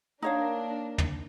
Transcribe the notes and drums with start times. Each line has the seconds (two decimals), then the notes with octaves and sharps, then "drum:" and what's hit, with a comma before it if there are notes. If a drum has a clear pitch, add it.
0.22 A#3 D4 D#4 A#4 C#5 F5
0.98 drum: tom